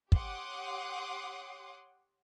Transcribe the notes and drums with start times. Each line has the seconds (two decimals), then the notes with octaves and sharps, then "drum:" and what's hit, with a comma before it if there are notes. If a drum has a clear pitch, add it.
0.12 G4 C#5 F#5 C6 D6 D#6, drum: kick